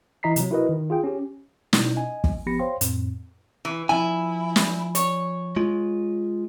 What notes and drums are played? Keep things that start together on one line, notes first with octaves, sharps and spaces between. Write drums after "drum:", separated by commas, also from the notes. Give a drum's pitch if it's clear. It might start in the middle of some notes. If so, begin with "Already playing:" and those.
E3 E4 D#5 A#5 B6 C7
C3 F#3, drum: hi-hat
E4 F#4 A#4 B4 D#5
D#3
F4 G#4 G5
C#4 G4
B2 C#4 D#4 E4, drum: snare
D#5 G#5
drum: kick
F3 B3 G4 B5 A#6 C#7
C5 C#5 F5 G5 C6
F2 A2 C4, drum: hi-hat
E3
F3 E4 G#5
drum: snare
C#5, drum: hi-hat
G#3 F4